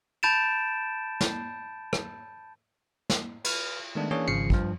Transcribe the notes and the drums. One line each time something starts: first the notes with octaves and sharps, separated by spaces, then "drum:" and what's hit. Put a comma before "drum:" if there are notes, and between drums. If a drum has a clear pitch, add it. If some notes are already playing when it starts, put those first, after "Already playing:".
A5 B5 G6 A6 D7 E7
drum: snare
drum: rim click
drum: snare
B4 F6, drum: cymbal
D#3 G#3 A3 B3 D4
E3 A#3 C#4 D4 G#4 C#5
G#1 C#3 F3 C7 C#7
G2 F3, drum: kick